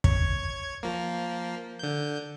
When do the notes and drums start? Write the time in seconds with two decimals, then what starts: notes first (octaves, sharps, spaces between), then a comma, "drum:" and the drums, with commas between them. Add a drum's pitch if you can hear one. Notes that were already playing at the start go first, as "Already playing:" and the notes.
0.04 C#5 G#6, drum: kick
0.83 F3 A#3
1.79 D3 G6